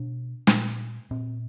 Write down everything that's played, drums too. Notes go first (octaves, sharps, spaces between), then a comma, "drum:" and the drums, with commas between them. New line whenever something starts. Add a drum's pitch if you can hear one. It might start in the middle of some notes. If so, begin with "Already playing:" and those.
Already playing: B2 D4
A#2, drum: snare
A#2 C4